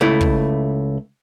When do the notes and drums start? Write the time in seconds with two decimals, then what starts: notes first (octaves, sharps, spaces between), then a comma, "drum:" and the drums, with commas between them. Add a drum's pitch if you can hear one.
0.01 C#2 A3 E4
0.21 drum: kick